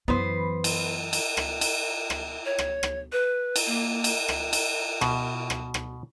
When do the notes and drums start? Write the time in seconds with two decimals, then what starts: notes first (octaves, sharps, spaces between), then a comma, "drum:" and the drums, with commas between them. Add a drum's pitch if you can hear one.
0.08 F#2 E3 B3 B4 C5
0.64 drum: cymbal
1.13 drum: cymbal
1.37 drum: rim click
1.61 drum: cymbal
2.10 drum: rim click
2.45 C#5
2.58 drum: rim click
2.83 drum: rim click
3.12 B4
3.56 drum: cymbal
3.67 A#3
4.04 drum: cymbal
4.28 drum: rim click
4.53 drum: cymbal
5.01 B2, drum: rim click
5.50 drum: rim click
5.74 drum: rim click